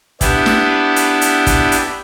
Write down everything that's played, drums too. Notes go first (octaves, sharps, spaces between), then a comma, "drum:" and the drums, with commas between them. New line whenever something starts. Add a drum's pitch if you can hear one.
B3 D4 E4 G4, drum: kick, hi-hat
drum: snare
drum: hi-hat
drum: hi-hat
drum: kick, hi-hat
drum: hi-hat